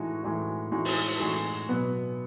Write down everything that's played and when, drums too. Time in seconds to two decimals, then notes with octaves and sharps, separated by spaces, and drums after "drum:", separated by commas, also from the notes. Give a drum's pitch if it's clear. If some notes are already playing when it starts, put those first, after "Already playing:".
Already playing: A2 E3 G#3 D#4 F#4
0.22 A2 E3 G#3 D#4 F#4
0.71 A2 E3 G#3 D#4 F#4
0.85 drum: open hi-hat
1.20 A2 E3 G#3 D#4 F#4
1.69 B2 F#3 B3